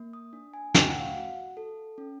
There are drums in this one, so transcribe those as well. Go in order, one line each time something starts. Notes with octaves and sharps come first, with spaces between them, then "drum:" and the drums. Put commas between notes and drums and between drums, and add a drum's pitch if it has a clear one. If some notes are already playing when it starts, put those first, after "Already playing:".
Already playing: A#3
D#6
D4
G#5
A3 G5, drum: snare
F#5
F5
F#4 F#5
A4
C#4